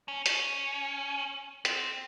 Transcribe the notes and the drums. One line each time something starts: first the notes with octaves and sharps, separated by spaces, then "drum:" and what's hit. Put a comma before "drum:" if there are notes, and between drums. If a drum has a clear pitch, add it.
C#4
C#4, drum: hi-hat
C4, drum: hi-hat